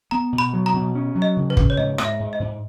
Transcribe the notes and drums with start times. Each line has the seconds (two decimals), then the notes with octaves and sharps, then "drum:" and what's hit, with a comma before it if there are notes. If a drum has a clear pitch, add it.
0.11 B3 A#5
0.33 B2
0.38 B5
0.53 F#3
0.66 A#5
0.74 B2
0.95 C#4
1.15 F#3
1.22 D#5
1.37 C#3
1.50 B4
1.57 C#3, drum: kick
1.70 C#5
1.77 G#2 D#5
1.98 G#2, drum: rim click
2.05 E5
2.20 G#2
2.33 D#5
2.40 G#2